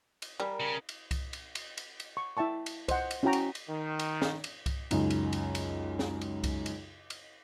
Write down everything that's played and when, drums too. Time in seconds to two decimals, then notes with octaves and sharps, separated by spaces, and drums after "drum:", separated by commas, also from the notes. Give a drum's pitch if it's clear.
0.22 drum: cymbal
0.40 G3 A#4 G#5
0.60 C#3
0.89 drum: cymbal
1.11 drum: kick C2, cymbal
1.33 drum: cymbal
1.55 drum: cymbal
1.77 drum: cymbal
2.00 drum: cymbal
2.17 C#6
2.37 E4 E5 G5 A5 C#6
2.66 drum: cymbal
2.88 C5 D#5 F#5, drum: kick C2, cymbal
3.11 drum: cymbal
3.23 C#4 E4 F#4 F#5 G5 A#5
3.33 drum: cymbal
3.55 drum: cymbal
3.69 D#3
3.99 drum: cymbal
4.22 drum: snare
4.44 drum: cymbal
4.66 drum: kick C2, cymbal
4.91 C#2 F#2 D#4, drum: cymbal
5.10 drum: cymbal
5.33 drum: cymbal
5.55 drum: cymbal
5.99 drum: snare
6.21 drum: cymbal
6.44 drum: kick C2, cymbal
6.66 drum: cymbal
7.10 drum: cymbal